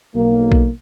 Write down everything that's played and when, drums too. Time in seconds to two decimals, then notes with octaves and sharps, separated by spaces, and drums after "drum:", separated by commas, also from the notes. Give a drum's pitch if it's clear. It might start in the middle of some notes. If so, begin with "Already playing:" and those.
0.15 B1 A#3
0.52 drum: kick A#1